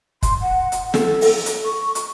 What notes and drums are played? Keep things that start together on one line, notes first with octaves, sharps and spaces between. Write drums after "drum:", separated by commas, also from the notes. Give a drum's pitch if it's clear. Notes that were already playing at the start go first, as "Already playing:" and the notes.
C6, drum: kick, hi-hat
F#5
drum: hi-hat
A4, drum: snare
drum: open hi-hat
drum: hi-hat
C#6
drum: hi-hat